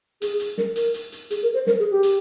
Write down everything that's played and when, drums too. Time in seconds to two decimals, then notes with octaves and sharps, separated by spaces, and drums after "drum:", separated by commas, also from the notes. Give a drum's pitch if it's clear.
0.22 G#4, drum: hi-hat
0.40 drum: hi-hat
0.58 A#4, drum: snare
0.76 A#4, drum: hi-hat
0.94 drum: hi-hat
1.12 drum: hi-hat
1.31 G#4, drum: hi-hat
1.43 A#4
1.54 C5
1.67 A#4, drum: snare
1.79 G#4
1.91 G4
2.03 drum: hi-hat